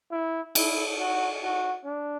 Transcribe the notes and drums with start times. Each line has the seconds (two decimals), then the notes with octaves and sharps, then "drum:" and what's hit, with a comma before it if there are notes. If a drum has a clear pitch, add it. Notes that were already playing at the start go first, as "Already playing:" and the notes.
0.11 E4
0.55 E4, drum: cymbal
0.98 F#4
1.43 F#4
1.85 D4